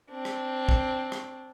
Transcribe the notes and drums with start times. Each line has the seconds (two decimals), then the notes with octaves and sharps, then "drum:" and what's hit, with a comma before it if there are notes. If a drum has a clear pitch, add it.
0.11 C4 D4
0.25 drum: rim click
0.69 drum: kick
1.12 drum: rim click